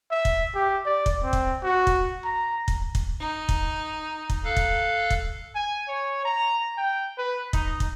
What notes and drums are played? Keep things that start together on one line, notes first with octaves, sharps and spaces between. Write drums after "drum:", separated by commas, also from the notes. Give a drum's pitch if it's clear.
E5
drum: kick
G4
D5
drum: kick
C4
drum: kick
F#4
drum: kick
A#5
drum: kick
drum: kick
D#4
drum: kick
drum: kick
A4 F5 F#6
drum: kick
drum: kick
G#5
C#5
A#5
G5
B4
D#4, drum: kick
drum: kick